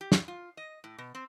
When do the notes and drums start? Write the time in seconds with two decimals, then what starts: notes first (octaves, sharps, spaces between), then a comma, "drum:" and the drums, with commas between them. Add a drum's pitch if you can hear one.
0.01 G4
0.12 drum: snare
0.28 F4
0.57 D#5
0.84 A2
0.98 B2
1.15 C4